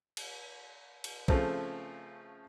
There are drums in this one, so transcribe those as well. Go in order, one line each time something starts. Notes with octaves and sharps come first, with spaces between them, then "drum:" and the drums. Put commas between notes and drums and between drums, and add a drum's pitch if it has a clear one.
drum: cymbal
drum: cymbal
C#3 F3 A3 C4, drum: kick